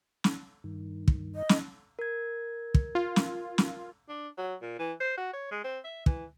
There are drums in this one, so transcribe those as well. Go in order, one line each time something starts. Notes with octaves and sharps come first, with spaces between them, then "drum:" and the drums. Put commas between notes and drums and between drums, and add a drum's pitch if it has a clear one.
drum: snare
G2 D#3
drum: kick
D#5
drum: snare
A#4 G#6
drum: kick
F4
drum: snare
drum: snare
D4
F#3
A#2
E3
C5
F#4
C#5
G#3
C4
E5
E3, drum: kick